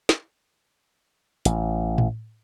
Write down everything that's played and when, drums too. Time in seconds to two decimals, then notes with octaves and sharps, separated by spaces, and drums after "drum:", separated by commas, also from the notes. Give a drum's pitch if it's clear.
0.09 drum: snare
1.45 A1, drum: hi-hat
1.98 drum: tom A2